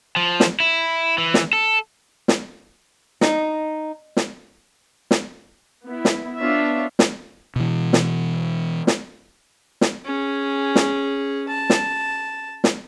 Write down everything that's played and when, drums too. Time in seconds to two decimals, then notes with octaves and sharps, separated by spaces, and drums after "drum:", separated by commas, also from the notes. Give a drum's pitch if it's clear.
0.16 F3
0.40 drum: snare
0.60 E4
1.18 E3
1.34 drum: snare
1.53 A4
2.28 drum: snare
3.21 D#4, drum: snare
4.17 drum: snare
5.11 drum: snare
5.84 B3 E4
6.05 drum: snare
6.39 B3 D4 F4 C#5 E5
6.99 drum: snare
7.56 B2 E3
7.93 drum: snare
8.87 drum: snare
9.81 drum: snare
10.06 C#4 G#4
10.75 drum: snare
11.48 A5
11.70 drum: snare
12.64 drum: snare